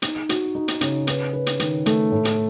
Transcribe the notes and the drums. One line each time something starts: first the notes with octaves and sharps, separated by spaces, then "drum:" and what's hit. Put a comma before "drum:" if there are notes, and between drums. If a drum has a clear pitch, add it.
D#4, drum: hi-hat
F#4, drum: hi-hat
D#4
drum: hi-hat
C#3, drum: hi-hat
B4, drum: hi-hat
B4
drum: hi-hat
D#3, drum: hi-hat
A3, drum: hi-hat
A2
drum: hi-hat